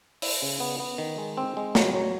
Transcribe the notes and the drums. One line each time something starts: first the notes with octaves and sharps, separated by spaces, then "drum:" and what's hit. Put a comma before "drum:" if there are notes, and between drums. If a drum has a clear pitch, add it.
E4, drum: open hi-hat
C#3
B3
B3
D#3
G#3
C4
G#3
F#3, drum: snare
F#3